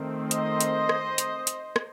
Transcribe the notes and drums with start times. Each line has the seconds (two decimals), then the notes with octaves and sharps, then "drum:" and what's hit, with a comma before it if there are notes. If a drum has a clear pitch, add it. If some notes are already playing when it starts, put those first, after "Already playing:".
Already playing: D#3 A3 C4
0.31 C5 D#5, drum: hi-hat
0.60 drum: hi-hat
0.89 drum: rim click
1.18 drum: hi-hat
1.47 drum: hi-hat
1.76 drum: rim click